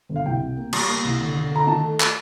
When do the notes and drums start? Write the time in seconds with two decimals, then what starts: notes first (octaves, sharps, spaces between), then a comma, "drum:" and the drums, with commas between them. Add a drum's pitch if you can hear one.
0.09 G1
0.16 F5
0.26 C2 G5
0.41 C3
0.57 A#3
0.73 G3, drum: cymbal
0.89 A#3
1.04 C2
1.21 D3
1.36 D3
1.51 D3 A#5
1.67 D#3 A5
1.83 A3
2.00 drum: clap